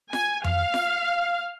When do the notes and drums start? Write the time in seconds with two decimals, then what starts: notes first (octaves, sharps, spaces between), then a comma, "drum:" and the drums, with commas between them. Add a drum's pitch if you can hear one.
0.13 G#5, drum: snare F4
0.44 F5, drum: tom F2
0.74 drum: snare F4